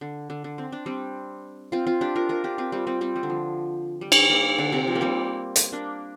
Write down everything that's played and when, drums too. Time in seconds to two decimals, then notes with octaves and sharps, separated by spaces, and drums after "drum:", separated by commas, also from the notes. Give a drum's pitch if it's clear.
0.01 D3
0.30 D3
0.44 D3
0.58 C4
0.72 D4
0.86 G3 C4
1.72 C4 F4
1.87 C4 F4
2.01 D4 G4
2.16 F4 A#4
2.29 F4 A#4
2.44 D4 G4
2.58 C4 F4
2.72 G3 C4
2.87 G3 C4
3.01 G3 C4
3.16 G3
3.23 D3
3.30 F3
4.01 G3
4.12 drum: cymbal
4.30 A#3
4.59 D3
4.72 C3
4.87 F3
4.95 A#3
5.01 G3 C4
5.56 drum: hi-hat
5.72 A#3 D4